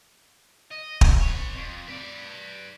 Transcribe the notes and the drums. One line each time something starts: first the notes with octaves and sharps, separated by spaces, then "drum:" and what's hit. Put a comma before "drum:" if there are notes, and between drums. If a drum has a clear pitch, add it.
D#5
drum: kick
B4 C#5
F2
B4 D5